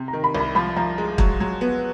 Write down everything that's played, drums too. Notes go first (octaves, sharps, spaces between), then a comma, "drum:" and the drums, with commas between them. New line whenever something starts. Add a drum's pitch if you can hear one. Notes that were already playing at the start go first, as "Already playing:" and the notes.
Already playing: C3
A#5
D#3
B5
C2
B5
F3 B5
F3 A#5
G#3
F#3, drum: kick
F#3
B3